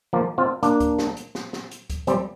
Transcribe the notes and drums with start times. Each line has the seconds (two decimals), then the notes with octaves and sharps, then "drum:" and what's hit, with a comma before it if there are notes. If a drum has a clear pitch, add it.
0.13 F3 A#3
0.38 C4 F4
0.63 A#3 D4, drum: hi-hat
0.80 drum: kick C#2, hi-hat
0.98 drum: snare
1.17 drum: hi-hat
1.35 drum: snare
1.53 drum: snare
1.71 drum: hi-hat
1.90 drum: kick C#2, hi-hat
2.07 G3 C4, drum: hi-hat